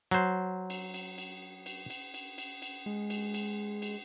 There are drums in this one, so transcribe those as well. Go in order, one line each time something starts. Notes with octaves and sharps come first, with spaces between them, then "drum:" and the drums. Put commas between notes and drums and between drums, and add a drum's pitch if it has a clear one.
F#3 C5
drum: cymbal
drum: cymbal
drum: cymbal
drum: cymbal
drum: cymbal
drum: cymbal
drum: cymbal
drum: cymbal
G#3
drum: cymbal
drum: cymbal
drum: cymbal